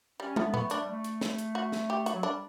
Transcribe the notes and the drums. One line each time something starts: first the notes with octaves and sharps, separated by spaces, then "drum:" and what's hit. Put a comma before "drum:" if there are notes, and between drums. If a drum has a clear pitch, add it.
G3 C#4
A3 B3, drum: tom
A3 B3, drum: tom A#2
A3 D4, drum: hi-hat
G3
A3
drum: hi-hat
drum: snare
drum: hi-hat
F#4
drum: snare
G4
F#4, drum: hi-hat
F#3
G3 D4